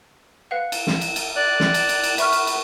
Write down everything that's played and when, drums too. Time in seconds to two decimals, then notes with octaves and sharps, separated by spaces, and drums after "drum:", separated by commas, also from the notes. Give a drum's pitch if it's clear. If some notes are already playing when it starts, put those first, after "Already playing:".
0.51 B4 F5 F#5
0.72 drum: cymbal
0.87 drum: snare
1.01 drum: cymbal
1.16 drum: cymbal
1.36 D5 F#6
1.60 drum: snare
1.74 drum: cymbal
1.89 drum: cymbal
2.03 drum: cymbal
2.18 B4 E5 C#6 F6, drum: cymbal
2.33 drum: cymbal
2.47 drum: cymbal